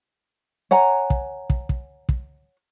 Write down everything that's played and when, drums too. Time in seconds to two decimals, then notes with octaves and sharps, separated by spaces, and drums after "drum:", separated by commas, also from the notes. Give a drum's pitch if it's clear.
0.71 C#5 F#5 G#5 A#5
1.10 drum: kick
1.50 drum: kick
1.69 drum: kick
2.09 drum: kick